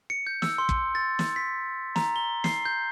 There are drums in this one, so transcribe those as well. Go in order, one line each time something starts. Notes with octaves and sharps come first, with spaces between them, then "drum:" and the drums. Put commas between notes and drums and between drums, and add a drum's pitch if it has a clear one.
C#7
G6
E6, drum: snare
C6
drum: kick
A6
drum: snare
B6
A#5, drum: snare
G7
C7, drum: snare
G6